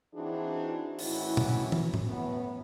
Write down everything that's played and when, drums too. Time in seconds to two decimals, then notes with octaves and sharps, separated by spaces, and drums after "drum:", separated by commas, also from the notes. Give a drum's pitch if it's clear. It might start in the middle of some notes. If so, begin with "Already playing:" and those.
0.14 E3 C4 D4 D#4 F#4 G#4
0.99 A2 D#3 E3 C#4 E4 F#4, drum: open hi-hat
1.37 drum: tom
1.72 drum: tom
1.94 drum: tom A2
2.05 F#2 A2 B3